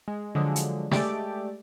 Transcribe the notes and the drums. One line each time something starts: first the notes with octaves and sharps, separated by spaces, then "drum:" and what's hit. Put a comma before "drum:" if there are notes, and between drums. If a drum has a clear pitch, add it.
G#3
D3 F3 F#3 G#3
drum: hi-hat
G#3 A3 G4 D5, drum: snare